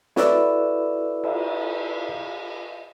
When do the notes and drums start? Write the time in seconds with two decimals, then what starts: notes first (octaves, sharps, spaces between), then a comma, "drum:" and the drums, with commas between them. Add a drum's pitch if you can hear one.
0.16 E4 F#4 A4 B4 D5 E6, drum: snare
1.24 drum: cymbal